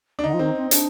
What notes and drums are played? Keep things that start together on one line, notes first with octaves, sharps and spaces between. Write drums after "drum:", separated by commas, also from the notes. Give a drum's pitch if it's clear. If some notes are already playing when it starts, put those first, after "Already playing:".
D4
D3 D#4
F3
D#3 C4
C4
D4, drum: hi-hat